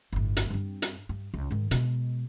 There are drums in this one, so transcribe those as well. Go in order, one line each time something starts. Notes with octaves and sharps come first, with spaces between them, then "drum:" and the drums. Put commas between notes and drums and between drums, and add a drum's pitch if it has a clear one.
G1 A2
drum: hi-hat
G2 C4
drum: hi-hat
G2
C#2
G#2 D#3
B2 G#3, drum: hi-hat